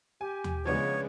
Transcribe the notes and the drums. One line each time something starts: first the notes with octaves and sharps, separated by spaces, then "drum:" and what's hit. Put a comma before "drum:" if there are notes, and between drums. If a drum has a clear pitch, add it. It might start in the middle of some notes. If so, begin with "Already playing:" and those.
G4 G#5
drum: tom D#2
C#3 F3 G#3 B3 D4 C#5